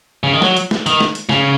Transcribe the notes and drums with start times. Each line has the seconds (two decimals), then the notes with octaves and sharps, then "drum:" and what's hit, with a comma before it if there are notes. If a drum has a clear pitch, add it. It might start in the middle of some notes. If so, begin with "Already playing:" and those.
0.23 C#3
0.33 D#3
0.42 F#3, drum: snare
0.57 drum: hi-hat
0.71 drum: snare
0.86 D#3, drum: hi-hat
1.00 drum: snare
1.15 drum: hi-hat
1.29 C#3, drum: snare